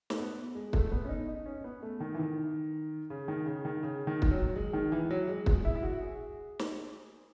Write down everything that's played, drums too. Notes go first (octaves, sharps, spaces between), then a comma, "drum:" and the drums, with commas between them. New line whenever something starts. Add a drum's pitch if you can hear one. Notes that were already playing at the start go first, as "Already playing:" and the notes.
A3, drum: snare
B3
G#3
A3, drum: kick
B3
C#4
D#4
D#4
C#4
B3
A3
D#3
E3
D#3
C#3
D#3
C#3
D#3
C#3
D#3
drum: kick
F#3
G#3
D#3
E3
F#3
G#3
G#3, drum: kick
E4
E4
F#4
G#4
drum: snare